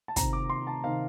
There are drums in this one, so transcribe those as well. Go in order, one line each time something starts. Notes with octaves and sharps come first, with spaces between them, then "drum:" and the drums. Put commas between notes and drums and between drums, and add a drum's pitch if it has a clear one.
A5
C3 D#3 A#5, drum: kick, hi-hat
D6
C6
A5
C3 D#3 F5